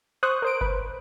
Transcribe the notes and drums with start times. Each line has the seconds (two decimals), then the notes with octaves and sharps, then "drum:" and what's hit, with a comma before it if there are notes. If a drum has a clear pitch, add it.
0.23 C5 C#6 D#6 F#6
0.42 A#4 C5 D7
0.61 B4, drum: kick G1